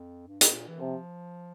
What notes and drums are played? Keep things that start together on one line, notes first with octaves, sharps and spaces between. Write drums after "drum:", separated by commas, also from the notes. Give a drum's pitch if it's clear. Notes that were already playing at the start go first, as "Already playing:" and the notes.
Already playing: F2
G2
G#2, drum: hi-hat
A#2
E3
C3 F3